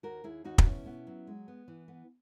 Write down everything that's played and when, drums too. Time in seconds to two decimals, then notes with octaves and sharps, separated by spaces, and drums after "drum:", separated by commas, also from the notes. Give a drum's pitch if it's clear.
0.03 D#2 F#4 A#4
0.24 D#2 E4 G#4
0.44 D#2 D#4 F#4
0.58 D#4, drum: kick
0.65 B2 C#4 E4
0.86 B3
1.07 F#3
1.27 G#3
1.48 B3
1.68 E3
1.88 B3